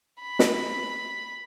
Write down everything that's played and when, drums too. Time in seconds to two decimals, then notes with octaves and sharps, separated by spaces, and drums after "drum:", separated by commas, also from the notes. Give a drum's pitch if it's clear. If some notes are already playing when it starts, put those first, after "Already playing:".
0.21 B5
0.39 drum: snare